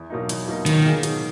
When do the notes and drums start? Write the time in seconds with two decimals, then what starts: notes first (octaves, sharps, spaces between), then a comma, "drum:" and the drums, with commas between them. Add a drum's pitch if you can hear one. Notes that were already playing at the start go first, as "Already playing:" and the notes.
Already playing: E2
0.10 B2 F#3 A#3 D#4
0.29 E2, drum: hi-hat
0.48 B2 F#3 A#3 D#4
0.66 B2 D#3, drum: hi-hat
0.85 F#3 A#3 D#4 G#4
1.03 B2, drum: hi-hat